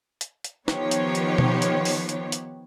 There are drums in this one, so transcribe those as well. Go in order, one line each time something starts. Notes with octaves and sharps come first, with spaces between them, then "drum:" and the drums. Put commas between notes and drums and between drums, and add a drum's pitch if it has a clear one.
drum: hi-hat
drum: hi-hat
D#3 F3 B3 G4 C#5, drum: snare
drum: hi-hat
drum: hi-hat
drum: tom B2
drum: hi-hat
drum: open hi-hat
drum: hi-hat
drum: hi-hat